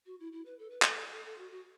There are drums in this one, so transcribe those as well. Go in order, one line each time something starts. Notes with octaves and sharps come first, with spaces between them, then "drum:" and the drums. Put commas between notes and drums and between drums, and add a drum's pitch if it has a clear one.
F#4
E4
E4
B4
A4
B4
A4, drum: clap
A4
A4
F#4
F#4